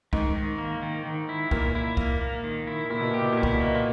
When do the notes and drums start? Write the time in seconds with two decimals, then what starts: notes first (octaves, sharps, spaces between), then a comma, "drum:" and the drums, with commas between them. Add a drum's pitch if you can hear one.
0.13 G#2 D#3, drum: kick
0.36 D#3
0.58 A#3
0.83 D#3
1.06 D#3
1.29 E4
1.51 A#2 A#3, drum: kick
1.75 E4
1.97 A#3, drum: kick
2.21 A#3
2.44 D#3
2.67 E4
2.90 A#2 E4
3.01 B2
3.11 A#2 G4
3.21 B2
3.32 A#2 E4
3.43 B2, drum: kick
3.54 A#2
3.60 B2 A#3
3.75 A#2